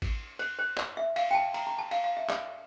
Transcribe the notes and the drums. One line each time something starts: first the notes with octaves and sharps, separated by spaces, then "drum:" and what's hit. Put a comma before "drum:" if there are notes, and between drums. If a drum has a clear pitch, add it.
drum: kick G#1, cymbal
C5, drum: cymbal
C5
D5, drum: clap
E5
F5, drum: cymbal
G5
A5
A#5, drum: cymbal
A#5
A5
F5, drum: cymbal
F5
E5
D5, drum: clap